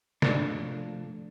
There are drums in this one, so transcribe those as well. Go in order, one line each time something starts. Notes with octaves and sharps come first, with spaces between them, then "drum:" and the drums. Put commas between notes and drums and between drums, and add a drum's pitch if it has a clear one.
C3 F3 A3 D4, drum: snare